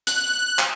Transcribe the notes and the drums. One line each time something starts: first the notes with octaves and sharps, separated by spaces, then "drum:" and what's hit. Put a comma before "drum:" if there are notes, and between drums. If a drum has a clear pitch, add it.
F#6, drum: hi-hat
drum: clap